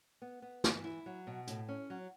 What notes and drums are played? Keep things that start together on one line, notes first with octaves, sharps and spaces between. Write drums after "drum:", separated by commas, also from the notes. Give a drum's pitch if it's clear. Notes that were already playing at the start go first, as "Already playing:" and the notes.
B3
B3
E3, drum: snare
E4
F#3
B2
A2, drum: hi-hat
C#4
F#3